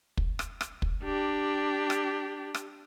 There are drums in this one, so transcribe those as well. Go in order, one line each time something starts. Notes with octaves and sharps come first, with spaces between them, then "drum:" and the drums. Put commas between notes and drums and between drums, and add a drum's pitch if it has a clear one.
drum: kick
drum: rim click
drum: rim click
drum: kick
D4 G4
drum: rim click
drum: rim click